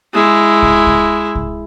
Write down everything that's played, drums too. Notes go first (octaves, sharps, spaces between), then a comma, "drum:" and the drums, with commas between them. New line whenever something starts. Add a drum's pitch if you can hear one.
G#3 E4
drum: kick C2
drum: kick C2
drum: kick C2